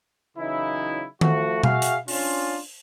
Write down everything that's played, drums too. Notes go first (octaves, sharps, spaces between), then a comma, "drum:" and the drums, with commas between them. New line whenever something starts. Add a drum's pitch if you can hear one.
C#3 E3 F#3 D#4 E4
F3 A3 F#4, drum: tom D#3
F#4 G#4 E5 F5, drum: tom B2
drum: hi-hat
C#4 D4 F4, drum: open hi-hat